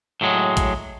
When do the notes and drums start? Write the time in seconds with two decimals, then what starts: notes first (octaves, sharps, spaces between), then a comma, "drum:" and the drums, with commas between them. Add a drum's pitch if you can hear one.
0.21 A2 F#3 G#3
0.57 drum: kick A1, hi-hat